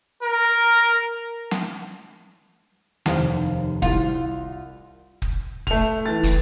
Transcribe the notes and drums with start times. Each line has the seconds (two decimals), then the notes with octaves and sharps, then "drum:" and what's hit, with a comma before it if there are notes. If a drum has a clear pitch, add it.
0.23 A#4
1.51 drum: snare
3.06 F1 D#2 D#3 C5 F5, drum: snare
3.82 C2 F4, drum: kick
5.22 drum: kick
5.67 A3 F7, drum: kick
6.06 E3 A6
6.23 F#1, drum: hi-hat